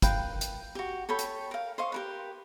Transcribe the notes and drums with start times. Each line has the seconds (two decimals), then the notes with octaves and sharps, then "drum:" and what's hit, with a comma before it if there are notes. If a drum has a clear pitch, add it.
0.02 A#4 B4 F5 G5, drum: kick, hi-hat
0.41 drum: hi-hat
0.75 F#4 G4
1.09 A4 C#5 G5 B5
1.19 drum: hi-hat
1.51 A#4 F5
1.78 C5 D#5 F5 C#6
1.92 G4 A#4 B4